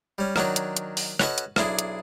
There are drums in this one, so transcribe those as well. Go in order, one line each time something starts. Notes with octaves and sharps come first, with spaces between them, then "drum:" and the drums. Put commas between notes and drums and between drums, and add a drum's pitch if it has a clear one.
G3 C#4
D#3 F#3 D4 F#4 C#5, drum: rim click
drum: hi-hat
drum: hi-hat
drum: open hi-hat
C#4 F#4 A4 B4 D#5 A5, drum: rim click
drum: hi-hat
B1 D4 E4 G#4, drum: rim click
drum: hi-hat